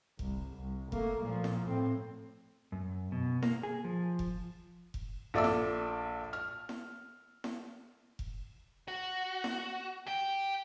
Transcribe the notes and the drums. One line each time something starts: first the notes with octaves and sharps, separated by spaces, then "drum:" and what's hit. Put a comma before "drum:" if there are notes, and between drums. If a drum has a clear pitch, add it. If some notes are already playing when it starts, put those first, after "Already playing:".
C2, drum: kick F1
C2
A3 A#3, drum: kick F1
A#2 F3
drum: snare E4
A2 C4
F#2
B2
A#3, drum: snare E4
G#4
F3
drum: kick F1
drum: kick F1
A#1 A4 D5 E5 A5 E6
drum: snare E4
F6
drum: snare E4
drum: snare E4
drum: kick F1
F#4
drum: snare E4
G4 G5